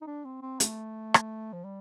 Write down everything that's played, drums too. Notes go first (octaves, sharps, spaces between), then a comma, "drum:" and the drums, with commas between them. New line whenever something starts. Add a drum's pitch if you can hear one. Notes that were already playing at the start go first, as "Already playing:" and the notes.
D#4
D4
C4
C4
A3, drum: hi-hat
drum: rim click
F3
G3